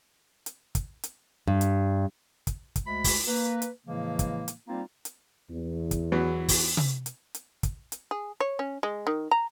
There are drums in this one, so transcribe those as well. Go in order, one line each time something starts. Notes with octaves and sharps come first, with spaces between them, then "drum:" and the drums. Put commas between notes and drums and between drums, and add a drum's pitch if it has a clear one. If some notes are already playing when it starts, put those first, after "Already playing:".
drum: hi-hat
drum: kick, hi-hat
drum: hi-hat
G2
drum: hi-hat
drum: kick, hi-hat
drum: kick, hi-hat
D2 G#3 B5
drum: kick, open hi-hat
A#3 B4
drum: hi-hat
A2 C#3 E3 F3 G#3 A#3
drum: kick, hi-hat
drum: hi-hat
G3 A#3 C4 D#4 F4
drum: hi-hat
E2
drum: kick, hi-hat
E3 F#3 B3
drum: kick, open hi-hat
drum: tom C3
drum: hi-hat
drum: hi-hat
drum: kick, hi-hat
drum: hi-hat
G#4
C#5
C#4
G#3
D#3
A#5